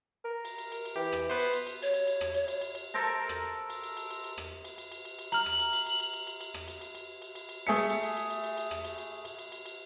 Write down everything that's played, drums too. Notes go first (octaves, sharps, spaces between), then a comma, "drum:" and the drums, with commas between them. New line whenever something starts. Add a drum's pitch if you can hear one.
A#4
drum: cymbal
drum: cymbal
drum: cymbal
drum: cymbal
E3 G4
drum: rim click
B3 B4 C5
drum: cymbal
drum: cymbal
drum: cymbal
C#5, drum: cymbal
drum: cymbal
drum: cymbal
drum: rim click
drum: cymbal
drum: cymbal
drum: cymbal
drum: cymbal
A4 A#4 C5 A#5
drum: rim click
drum: cymbal
drum: cymbal
drum: cymbal
drum: cymbal
drum: cymbal
drum: rim click
drum: cymbal
drum: cymbal
drum: cymbal
drum: cymbal
drum: cymbal
A#5 F6 F#7, drum: cymbal
drum: rim click
drum: cymbal
drum: cymbal
drum: cymbal
drum: cymbal
drum: cymbal
drum: cymbal
drum: cymbal
drum: rim click
drum: cymbal
drum: cymbal
drum: cymbal
drum: cymbal
drum: cymbal
drum: cymbal
A3 G#4 E5 C#7
drum: cymbal
drum: cymbal
drum: cymbal
drum: cymbal
drum: cymbal
drum: cymbal
drum: cymbal
drum: rim click
drum: cymbal
drum: cymbal
drum: cymbal
drum: cymbal
drum: cymbal
drum: cymbal